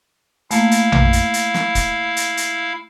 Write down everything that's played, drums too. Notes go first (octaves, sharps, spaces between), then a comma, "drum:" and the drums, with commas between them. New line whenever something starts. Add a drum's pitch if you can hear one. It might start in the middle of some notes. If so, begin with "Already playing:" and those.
A3 A#3 E4 F5, drum: hi-hat
drum: hi-hat
drum: tom A#1
drum: hi-hat
drum: hi-hat
drum: snare
drum: kick, hi-hat
drum: hi-hat
drum: hi-hat